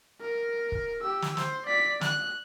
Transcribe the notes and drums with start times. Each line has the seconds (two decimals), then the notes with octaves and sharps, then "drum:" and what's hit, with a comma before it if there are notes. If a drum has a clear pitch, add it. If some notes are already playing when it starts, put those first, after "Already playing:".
0.21 A#4
0.72 drum: kick
1.01 G4 E6
1.22 drum: snare
1.37 C5, drum: snare
1.66 D5 B6
2.01 F#6, drum: snare